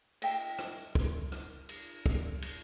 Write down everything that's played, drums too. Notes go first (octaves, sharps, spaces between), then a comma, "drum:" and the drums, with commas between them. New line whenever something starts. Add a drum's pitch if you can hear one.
D#5 E5 G5 A5, drum: cymbal
drum: rim click
drum: kick
drum: rim click
drum: cymbal
drum: kick
drum: cymbal